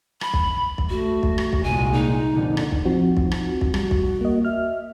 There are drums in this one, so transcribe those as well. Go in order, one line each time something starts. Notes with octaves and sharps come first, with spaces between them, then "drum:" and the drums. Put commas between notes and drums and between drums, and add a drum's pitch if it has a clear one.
B5, drum: rim click
drum: kick
drum: kick
A3 F#4
drum: kick
drum: rim click
drum: kick
C2 A#2 G#3 G#5
D#4
F2 A#2 D3
drum: rim click
drum: kick
F3 C4 D#4 F#4
drum: kick
drum: rim click
drum: kick
G3 F#4, drum: rim click
drum: kick
A#3 D#5
E5 F6